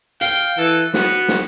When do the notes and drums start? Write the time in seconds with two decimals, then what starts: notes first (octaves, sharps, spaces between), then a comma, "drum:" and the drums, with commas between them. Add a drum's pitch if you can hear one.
0.21 F5 G5, drum: hi-hat
0.58 E3 A4
0.94 B3 F#4, drum: snare
1.28 drum: snare